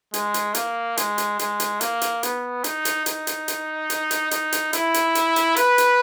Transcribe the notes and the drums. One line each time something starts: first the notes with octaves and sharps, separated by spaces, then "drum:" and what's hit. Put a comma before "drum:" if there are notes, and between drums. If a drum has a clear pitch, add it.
G#3, drum: hi-hat
drum: hi-hat
A#3, drum: hi-hat
G#3, drum: hi-hat
drum: hi-hat
G#3, drum: hi-hat
drum: hi-hat
A#3, drum: hi-hat
drum: hi-hat
B3, drum: hi-hat
D#4, drum: hi-hat
drum: hi-hat
D#4, drum: hi-hat
drum: hi-hat
drum: hi-hat
drum: hi-hat
drum: hi-hat
D#4, drum: hi-hat
drum: hi-hat
E4, drum: hi-hat
drum: hi-hat
drum: hi-hat
drum: hi-hat
B4, drum: hi-hat
drum: hi-hat